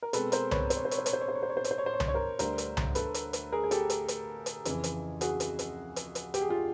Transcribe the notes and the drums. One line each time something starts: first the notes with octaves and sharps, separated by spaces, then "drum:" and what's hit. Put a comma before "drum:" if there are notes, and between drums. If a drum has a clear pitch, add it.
A#4
B2 G#3 C4 A4 B4, drum: hi-hat
A#4 C5, drum: hi-hat
B4 C#5, drum: tom C2
C5, drum: hi-hat
C#5
C5
C#5, drum: hi-hat
C5
C#5, drum: hi-hat
C5
C#5
C5
C#5
C5
C#5
C5
C#5, drum: hi-hat
C5
C#5
C5
C#5
C5, drum: tom C2
C#5
A#4 C5
D2 D3 G3 A#4 C5, drum: hi-hat
drum: hi-hat
drum: tom C2
A4 B4, drum: hi-hat
drum: hi-hat
drum: hi-hat
G#4 A#4
G#4
G4 A4, drum: hi-hat
drum: hi-hat
drum: hi-hat
drum: hi-hat
F2 C#3 E3, drum: hi-hat
drum: hi-hat
F#4 G#4, drum: hi-hat
drum: hi-hat
drum: hi-hat
drum: hi-hat
drum: hi-hat
G4, drum: hi-hat
G#4
F4 G4